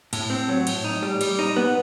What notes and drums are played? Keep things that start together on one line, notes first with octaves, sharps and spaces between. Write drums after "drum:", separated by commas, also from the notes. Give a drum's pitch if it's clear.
A2, drum: cymbal
C4
F#3
A2, drum: cymbal
D#4
G3
G3, drum: cymbal
D#4
B3